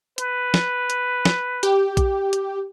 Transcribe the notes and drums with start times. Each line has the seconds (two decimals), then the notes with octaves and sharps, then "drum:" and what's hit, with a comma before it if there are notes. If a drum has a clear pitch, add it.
0.18 B4, drum: hi-hat
0.54 drum: snare
0.90 drum: hi-hat
1.25 drum: snare
1.63 G4, drum: hi-hat
1.97 drum: kick A#1, hi-hat
2.33 drum: hi-hat